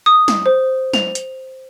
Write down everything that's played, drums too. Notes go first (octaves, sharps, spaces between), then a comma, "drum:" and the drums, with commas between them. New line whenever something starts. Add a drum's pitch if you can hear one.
D#6
drum: snare
C5
F7, drum: snare
drum: hi-hat